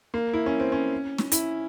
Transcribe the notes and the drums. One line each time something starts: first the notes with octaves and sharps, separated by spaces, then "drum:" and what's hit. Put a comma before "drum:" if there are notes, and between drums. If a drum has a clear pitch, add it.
A#3
E4
C#4
C4
C#4
drum: snare
E4, drum: hi-hat